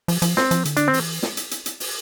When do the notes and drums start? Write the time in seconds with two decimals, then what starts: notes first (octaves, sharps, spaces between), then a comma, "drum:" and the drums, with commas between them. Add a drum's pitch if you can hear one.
0.08 F3, drum: open hi-hat
0.22 F3, drum: hi-hat
0.37 C4, drum: snare
0.51 F3, drum: hi-hat
0.65 D3, drum: hi-hat
0.77 D4, drum: hi-hat
0.88 C4
0.94 E3, drum: open hi-hat
1.23 drum: snare
1.37 drum: hi-hat
1.51 drum: hi-hat
1.66 drum: hi-hat
1.80 drum: open hi-hat